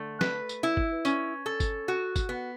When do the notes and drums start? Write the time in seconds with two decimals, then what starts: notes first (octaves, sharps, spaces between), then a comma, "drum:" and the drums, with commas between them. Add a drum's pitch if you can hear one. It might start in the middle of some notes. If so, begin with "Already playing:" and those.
Already playing: D3 A3
0.21 B4, drum: snare
0.49 drum: tambourine
0.63 E4
0.77 drum: kick G1
1.05 C#4, drum: tambourine
1.46 A4
1.60 drum: kick G1, tambourine
1.88 F#4
2.16 drum: kick G1, tambourine
2.29 B3